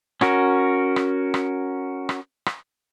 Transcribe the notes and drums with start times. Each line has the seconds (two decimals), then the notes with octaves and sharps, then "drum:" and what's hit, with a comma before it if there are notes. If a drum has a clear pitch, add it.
0.21 C#4 F#4 A#4, drum: rim click
0.96 drum: rim click
1.34 drum: rim click
2.09 drum: rim click
2.46 drum: rim click